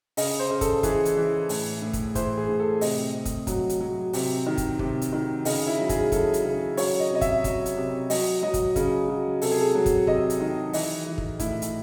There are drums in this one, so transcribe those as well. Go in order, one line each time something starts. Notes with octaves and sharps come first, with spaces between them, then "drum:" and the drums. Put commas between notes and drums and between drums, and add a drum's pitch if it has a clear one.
C#3 D#5, drum: open hi-hat
C5
C#3
A4, drum: kick, hi-hat
E3 G#4, drum: kick, hi-hat
drum: hi-hat
E3
A2, drum: open hi-hat
A2
drum: kick, hi-hat
E3 C5, drum: kick, hi-hat
G#4
A2
A4
C3 D#5, drum: open hi-hat
C3
drum: kick, hi-hat
F#3, drum: kick, hi-hat
drum: hi-hat
F#3
C3, drum: open hi-hat
D#3
drum: kick, hi-hat
C3, drum: kick
drum: hi-hat
D#3
C#3 D#5, drum: open hi-hat
E4
F#3
G#4, drum: kick, hi-hat
F#3 A4, drum: kick, hi-hat
drum: hi-hat
C#3
F#3 C#5, drum: open hi-hat
D#5
C3 D#5
E5, drum: kick, hi-hat
F#3, drum: kick, hi-hat
drum: hi-hat
C3
F#3 D#5, drum: open hi-hat
F#3 D#5
drum: kick, hi-hat
C#3, drum: kick, hi-hat
F#3
C3 A4, drum: open hi-hat
G#4
A4
F#3
drum: kick, hi-hat
C3 D#5, drum: kick
drum: hi-hat
D#3
E3 D#5, drum: open hi-hat
E3
drum: kick
A2 E4, drum: kick, hi-hat
drum: hi-hat